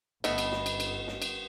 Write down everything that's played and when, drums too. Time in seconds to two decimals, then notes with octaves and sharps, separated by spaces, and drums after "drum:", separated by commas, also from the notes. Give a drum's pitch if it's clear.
0.24 G1 A3 B3 D#5, drum: cymbal
0.38 drum: cymbal
0.52 drum: snare
0.66 drum: cymbal
0.80 drum: cymbal
1.08 drum: snare
1.22 drum: cymbal